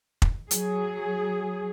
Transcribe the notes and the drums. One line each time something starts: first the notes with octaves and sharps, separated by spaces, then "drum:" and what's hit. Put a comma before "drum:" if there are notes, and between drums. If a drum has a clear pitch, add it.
drum: kick
F#3 G#4, drum: hi-hat